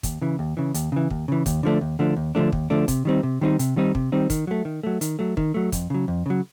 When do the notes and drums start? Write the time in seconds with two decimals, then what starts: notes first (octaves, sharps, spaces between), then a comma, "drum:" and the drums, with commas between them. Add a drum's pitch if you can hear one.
0.03 D#2, drum: kick, hi-hat
0.22 C#3 E3
0.39 D#2
0.57 C#3 E3
0.74 D#2, drum: hi-hat
0.92 C#3 E3
1.10 D#2, drum: kick
1.28 C#3 E3
1.46 D#2, drum: kick, hi-hat
1.63 D3 F3 A3 D4
1.81 D#2
1.99 D3 F3 A3 D4
2.17 D#2
2.35 D3 F3 A3 D4
2.52 D#2, drum: kick
2.70 D3 F3 A3 D4
2.88 C3, drum: kick, hi-hat
3.05 D#3 G3 C4 D#4
3.23 C3
3.41 D#3 G3 C4 D#4
3.59 C3, drum: hi-hat
3.76 D#3 G3 C4 D#4
3.95 C3, drum: kick
4.12 D#3 G3 C4 D#4
4.30 D#3, drum: kick, hi-hat
4.47 F#3 A3
4.65 D#3
4.83 F#3 A3
5.01 D#3, drum: hi-hat
5.19 F#3 A3
5.37 D#3, drum: kick
5.54 F#3 A3
5.72 F2, drum: kick, hi-hat
5.90 C#3 F#3
6.08 F2
6.26 C#3 F#3